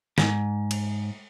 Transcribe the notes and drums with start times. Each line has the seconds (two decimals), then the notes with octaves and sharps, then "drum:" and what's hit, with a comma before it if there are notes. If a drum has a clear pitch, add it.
0.18 G#2, drum: snare
0.71 drum: cymbal